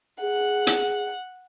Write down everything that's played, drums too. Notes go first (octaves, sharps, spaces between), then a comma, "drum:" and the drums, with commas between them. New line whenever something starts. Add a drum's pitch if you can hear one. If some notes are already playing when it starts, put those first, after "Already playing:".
G#4 F#5
drum: hi-hat